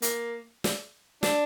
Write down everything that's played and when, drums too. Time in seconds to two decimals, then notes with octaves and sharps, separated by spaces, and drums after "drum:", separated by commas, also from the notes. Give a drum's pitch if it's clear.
0.02 A#3, drum: hi-hat
0.64 drum: snare
1.23 D4, drum: snare